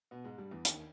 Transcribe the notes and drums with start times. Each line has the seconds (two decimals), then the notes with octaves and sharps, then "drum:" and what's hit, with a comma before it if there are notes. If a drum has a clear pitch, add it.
0.11 B2 B3
0.24 G#2 G#3
0.38 G2 G3
0.51 E2 E3
0.65 D#2 D#3, drum: hi-hat